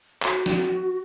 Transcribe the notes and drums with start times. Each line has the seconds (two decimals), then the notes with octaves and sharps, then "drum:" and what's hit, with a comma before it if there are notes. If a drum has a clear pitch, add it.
0.22 F#4, drum: clap
0.46 drum: snare